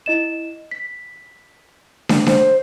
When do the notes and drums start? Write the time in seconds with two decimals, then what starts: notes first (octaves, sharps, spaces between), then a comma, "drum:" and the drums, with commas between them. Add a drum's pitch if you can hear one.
0.06 E4 D#5 E7
0.71 B6
2.09 drum: snare
2.27 C5, drum: snare